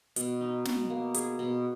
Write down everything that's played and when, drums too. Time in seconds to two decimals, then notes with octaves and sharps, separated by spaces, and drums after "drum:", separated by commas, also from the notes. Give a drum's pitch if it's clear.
0.16 B2, drum: hi-hat
0.41 D#4
0.65 B2, drum: snare
0.90 A#3
1.14 G#4, drum: hi-hat
1.39 B2